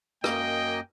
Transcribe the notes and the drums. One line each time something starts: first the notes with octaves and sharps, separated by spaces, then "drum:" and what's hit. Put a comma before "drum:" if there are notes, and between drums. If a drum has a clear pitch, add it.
F#2 A#3 D#5 G5, drum: rim click